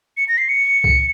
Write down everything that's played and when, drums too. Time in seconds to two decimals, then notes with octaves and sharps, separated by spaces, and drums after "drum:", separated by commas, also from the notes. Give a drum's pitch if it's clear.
0.17 C#7
0.28 A#6
0.38 C7
0.49 C#7
0.84 drum: kick